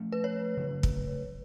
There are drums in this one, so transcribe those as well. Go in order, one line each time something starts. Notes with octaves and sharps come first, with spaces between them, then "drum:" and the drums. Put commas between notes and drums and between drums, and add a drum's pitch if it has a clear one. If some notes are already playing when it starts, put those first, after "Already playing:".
Already playing: F3 A3 C#4
B4
C#5
C#3 F#3 A3 C#4
drum: kick